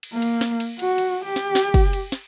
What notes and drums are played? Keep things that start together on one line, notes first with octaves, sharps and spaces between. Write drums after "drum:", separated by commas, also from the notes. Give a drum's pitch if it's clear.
drum: cymbal
A#3
drum: cymbal
drum: snare
drum: cymbal
F#4, drum: cymbal
drum: cymbal
G4
drum: snare
drum: snare
drum: kick, cymbal
drum: cymbal
drum: snare